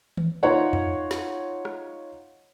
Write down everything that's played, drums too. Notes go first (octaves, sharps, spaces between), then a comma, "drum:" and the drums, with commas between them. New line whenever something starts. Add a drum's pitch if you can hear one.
drum: tom D#3
D#4 F4 C#5 F#5
drum: tom E2
drum: snare
drum: rim click